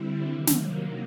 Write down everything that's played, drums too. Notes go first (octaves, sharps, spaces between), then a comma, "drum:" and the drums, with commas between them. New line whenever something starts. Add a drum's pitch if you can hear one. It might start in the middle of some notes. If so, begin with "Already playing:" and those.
Already playing: D3 G3 C4 E4
C3 D#3 F#3 A#3
drum: snare